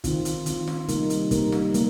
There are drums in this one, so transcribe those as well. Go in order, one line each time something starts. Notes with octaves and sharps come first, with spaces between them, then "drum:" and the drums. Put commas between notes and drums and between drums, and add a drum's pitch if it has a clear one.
D#3 C4 F4, drum: kick, hi-hat
drum: hi-hat
D#3 C4 F4, drum: hi-hat
drum: snare
C3 G3 A#3 D#4 A#4, drum: hi-hat
drum: hi-hat
C3 G3 A#3 D#4 A#4, drum: kick, hi-hat
drum: snare
G3 A#3, drum: hi-hat